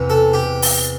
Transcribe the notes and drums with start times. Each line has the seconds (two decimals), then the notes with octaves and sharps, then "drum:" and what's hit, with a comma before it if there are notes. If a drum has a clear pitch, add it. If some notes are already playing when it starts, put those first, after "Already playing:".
Already playing: E2 C3 E3
0.10 A4
0.33 G4
0.62 drum: open hi-hat